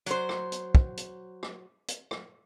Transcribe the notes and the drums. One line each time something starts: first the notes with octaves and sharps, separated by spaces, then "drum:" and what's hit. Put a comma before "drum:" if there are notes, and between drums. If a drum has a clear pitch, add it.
F#3 C5, drum: hi-hat
drum: rim click
drum: hi-hat
drum: kick
drum: hi-hat
drum: rim click
drum: hi-hat
drum: rim click